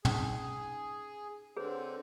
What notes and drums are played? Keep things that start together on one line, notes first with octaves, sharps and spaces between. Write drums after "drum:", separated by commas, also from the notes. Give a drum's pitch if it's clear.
C#4 D#4 G#4, drum: tom
D3 C4 G#4 B4 C#5